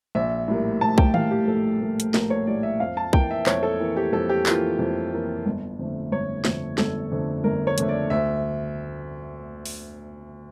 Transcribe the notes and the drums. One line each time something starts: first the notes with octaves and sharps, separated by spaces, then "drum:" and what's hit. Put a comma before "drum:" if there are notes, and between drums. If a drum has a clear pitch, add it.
A#1 E5
A2 G3 A#3
A#1 A5
G5, drum: kick B1
A2 G3 A#3 F5, drum: tom D#3
G4
A#1 A4
A2 G3 A#3
drum: hi-hat
A#1 A#4, drum: snare
C#5
A2 G3 A#3 D5
E5
F2 F5
A5
E3 A#3 G5, drum: kick B1
E5
F2 C#5, drum: clap
A4
E3 A#3
G4
F2 A4
G4
E3 A#3 F4, drum: clap
F2
E3 A#3
G1
F2 D3 A3
G1 C#5
F2 D3 A3, drum: snare
G1 A4, drum: snare
F2 D3 A3
G1 A#4
C#5
F2 D3 A3, drum: hi-hat
D5
D2 E5
drum: open hi-hat